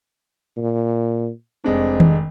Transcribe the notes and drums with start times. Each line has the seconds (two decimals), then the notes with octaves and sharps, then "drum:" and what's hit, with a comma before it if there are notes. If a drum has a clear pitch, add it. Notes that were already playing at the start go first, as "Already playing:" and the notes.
0.57 A#2
1.64 F1 G#3 C4 D4
2.00 drum: tom D#3